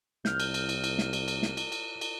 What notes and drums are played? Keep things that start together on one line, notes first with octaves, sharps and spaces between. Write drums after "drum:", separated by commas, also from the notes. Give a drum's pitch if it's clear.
C2 F6 G6, drum: snare
drum: cymbal
drum: cymbal
drum: cymbal
drum: cymbal
drum: snare
drum: cymbal
drum: cymbal
drum: snare
drum: cymbal
drum: cymbal
drum: cymbal